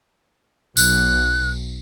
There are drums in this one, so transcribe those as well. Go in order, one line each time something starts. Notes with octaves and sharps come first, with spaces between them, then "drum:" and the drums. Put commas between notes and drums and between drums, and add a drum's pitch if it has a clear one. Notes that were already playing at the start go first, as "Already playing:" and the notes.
B1 F#6, drum: tambourine